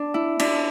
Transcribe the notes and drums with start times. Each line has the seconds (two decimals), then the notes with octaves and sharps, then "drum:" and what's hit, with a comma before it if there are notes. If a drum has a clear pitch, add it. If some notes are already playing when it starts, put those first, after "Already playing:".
Already playing: D4
0.14 E4
0.39 D4, drum: cymbal